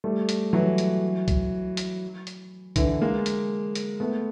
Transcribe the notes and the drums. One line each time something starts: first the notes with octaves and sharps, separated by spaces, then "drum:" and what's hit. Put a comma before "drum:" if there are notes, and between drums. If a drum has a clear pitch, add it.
G3 A3
drum: hi-hat
E3 F#3
drum: hi-hat
drum: kick B1, hi-hat
drum: hi-hat
drum: hi-hat
D3 E3, drum: kick B1, hi-hat
G#3 A#3
drum: hi-hat
drum: hi-hat
A3 B3